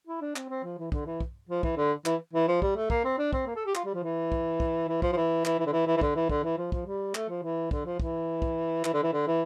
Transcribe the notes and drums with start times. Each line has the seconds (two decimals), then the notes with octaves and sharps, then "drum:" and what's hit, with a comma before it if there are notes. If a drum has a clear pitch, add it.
0.07 E4
0.21 D4
0.36 C4, drum: clap
0.49 C4
0.64 F3
0.78 E3
0.92 D3, drum: kick
1.06 E3
1.21 drum: kick
1.49 F3
1.63 E3, drum: kick
1.77 D3
2.06 E3, drum: clap
2.33 E3
2.48 F3
2.62 G3, drum: kick
2.76 A3
2.90 A#3, drum: kick
3.04 C4
3.18 D4
3.33 C4, drum: kick
3.47 A#3
3.56 A4
3.66 G4
3.75 F4, drum: clap
3.85 G3
3.94 F3
4.03 E3
4.32 drum: kick
4.60 drum: kick
4.88 E3
5.02 F3, drum: kick
5.13 F3
5.17 E3
5.45 E3, drum: clap
5.59 E3
5.66 D3
5.73 E3
5.87 E3
5.97 E3
6.01 D3, drum: kick
6.16 E3
6.29 D3, drum: kick
6.44 E3
6.58 F3
6.72 F3, drum: kick
6.86 G3
7.15 A3, drum: clap
7.29 F3
7.43 E3
7.71 D3, drum: kick
7.86 F3
8.00 E3, drum: kick
8.42 drum: kick
8.85 E3, drum: clap
8.94 D3
9.03 E3
9.13 D3
9.27 E3